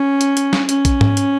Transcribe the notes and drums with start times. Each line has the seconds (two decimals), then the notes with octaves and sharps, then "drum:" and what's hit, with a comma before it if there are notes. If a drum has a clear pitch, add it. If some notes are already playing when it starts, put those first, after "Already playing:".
Already playing: C#4
0.21 drum: hi-hat
0.37 drum: hi-hat
0.53 drum: snare
0.69 C#4, drum: hi-hat
0.85 drum: kick A#1, hi-hat
1.01 drum: tom G#2
1.17 drum: hi-hat